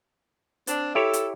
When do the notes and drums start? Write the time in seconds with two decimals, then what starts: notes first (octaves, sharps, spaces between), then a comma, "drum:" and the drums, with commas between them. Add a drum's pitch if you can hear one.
0.67 C4 D4, drum: hi-hat
0.95 E4 G4 A4 C#5
1.13 drum: hi-hat